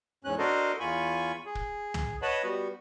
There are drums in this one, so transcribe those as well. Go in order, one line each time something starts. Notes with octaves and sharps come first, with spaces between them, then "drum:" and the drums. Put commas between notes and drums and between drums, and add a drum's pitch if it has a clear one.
E2 G#2 C#4 F#6
D4 F#4 A4 A#4 C5 D#5
E2 F4 G#5 B5 C#6
G#4
drum: kick
drum: tom
B4 C#5 D#5 F#5 A5 B5
G3 B3 F#4